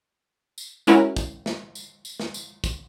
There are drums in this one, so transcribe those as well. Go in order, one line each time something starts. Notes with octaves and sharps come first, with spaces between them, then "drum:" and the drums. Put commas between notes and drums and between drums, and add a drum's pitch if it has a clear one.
drum: tambourine
G#3 C#4 E4 F#4 A#4, drum: tambourine
drum: kick, tambourine
drum: snare
drum: tambourine
drum: tambourine
drum: snare
drum: tambourine
drum: kick, tambourine